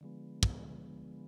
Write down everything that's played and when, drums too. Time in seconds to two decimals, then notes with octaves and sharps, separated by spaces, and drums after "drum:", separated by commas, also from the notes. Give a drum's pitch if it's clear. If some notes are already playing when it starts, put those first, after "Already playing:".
0.01 D3 F3 G#3 B3
0.43 drum: kick